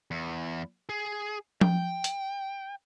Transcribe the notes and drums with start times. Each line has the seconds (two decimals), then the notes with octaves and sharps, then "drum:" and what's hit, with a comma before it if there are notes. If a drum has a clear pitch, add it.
0.11 E2
0.89 G#4
1.61 G5, drum: tom F3
2.04 drum: hi-hat